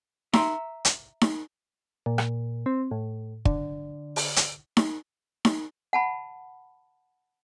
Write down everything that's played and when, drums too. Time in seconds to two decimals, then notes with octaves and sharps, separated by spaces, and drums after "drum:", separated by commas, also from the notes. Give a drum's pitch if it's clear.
0.33 E5 A#5 C6, drum: snare D#4
0.85 drum: hi-hat
1.21 drum: snare D#4
2.06 A#2
2.18 drum: rim click
2.66 C4
2.91 A2
3.45 D3, drum: kick
4.16 drum: open hi-hat
4.36 drum: hi-hat
4.77 drum: snare D#4
5.45 drum: snare D#4
5.93 F#5 A5 B5